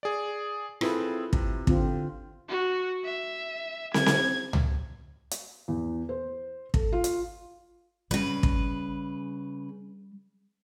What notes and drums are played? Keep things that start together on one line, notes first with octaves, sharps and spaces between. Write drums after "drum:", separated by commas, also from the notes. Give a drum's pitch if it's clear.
G#4 D5
C4 E4 F4 G#4 A4 B4, drum: rim click
C3, drum: kick
D3 C4 F4, drum: kick
F#4
E5
G#6, drum: snare
drum: snare
drum: tom C#2
drum: hi-hat
E2
C5
A4, drum: kick
F4
drum: hi-hat
C#3 G3 B4
drum: kick